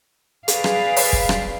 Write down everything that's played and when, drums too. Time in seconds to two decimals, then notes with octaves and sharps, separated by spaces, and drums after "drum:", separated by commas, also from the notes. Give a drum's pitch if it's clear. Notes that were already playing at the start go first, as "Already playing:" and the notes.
0.48 G#4 B4 D5 F5, drum: hi-hat
0.64 drum: rim click
0.96 drum: open hi-hat
1.13 drum: kick
1.29 drum: rim click